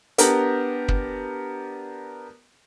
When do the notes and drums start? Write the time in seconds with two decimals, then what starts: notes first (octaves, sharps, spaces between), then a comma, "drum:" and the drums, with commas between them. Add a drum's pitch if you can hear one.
0.18 B3 D4 G4 A#4, drum: hi-hat
0.88 drum: kick